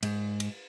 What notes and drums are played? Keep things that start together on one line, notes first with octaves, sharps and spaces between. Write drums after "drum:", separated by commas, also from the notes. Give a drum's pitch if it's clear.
G#2, drum: cymbal
drum: cymbal